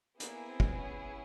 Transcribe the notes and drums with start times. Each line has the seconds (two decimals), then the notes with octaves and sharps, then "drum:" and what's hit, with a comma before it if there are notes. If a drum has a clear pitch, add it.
0.20 A#3 B3 E4 G#4, drum: hi-hat
0.49 C4
0.60 drum: kick
0.79 C#4